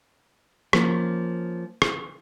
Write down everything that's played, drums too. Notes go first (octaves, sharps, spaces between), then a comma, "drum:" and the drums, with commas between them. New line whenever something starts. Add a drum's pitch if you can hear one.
F3 A#3 C#4, drum: rim click
drum: rim click